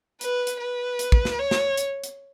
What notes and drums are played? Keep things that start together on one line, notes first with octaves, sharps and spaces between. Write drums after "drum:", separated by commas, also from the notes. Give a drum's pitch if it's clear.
B4, drum: hi-hat
drum: hi-hat
B4
drum: hi-hat
drum: kick
drum: snare
C#5
drum: snare
drum: hi-hat
drum: hi-hat